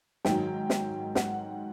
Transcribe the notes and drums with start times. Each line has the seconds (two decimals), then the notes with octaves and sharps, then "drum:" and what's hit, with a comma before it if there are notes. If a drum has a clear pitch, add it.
0.25 G#2 D#3 F#3 G5, drum: snare
0.70 drum: snare
1.15 F#5, drum: snare